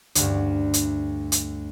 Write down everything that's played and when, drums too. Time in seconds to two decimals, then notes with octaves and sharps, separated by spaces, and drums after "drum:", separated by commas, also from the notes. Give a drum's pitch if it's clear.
0.15 D2 G2, drum: hi-hat
0.74 drum: hi-hat
1.32 drum: hi-hat